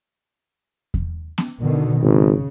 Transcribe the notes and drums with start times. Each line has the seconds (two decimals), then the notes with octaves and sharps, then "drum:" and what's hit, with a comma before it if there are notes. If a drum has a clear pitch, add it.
0.94 drum: kick E2
1.38 drum: snare B3
1.60 B2 D3 D#3
2.02 G#1 C#3